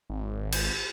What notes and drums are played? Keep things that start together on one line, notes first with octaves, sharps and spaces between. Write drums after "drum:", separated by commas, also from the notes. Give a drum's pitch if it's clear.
G#1
drum: cymbal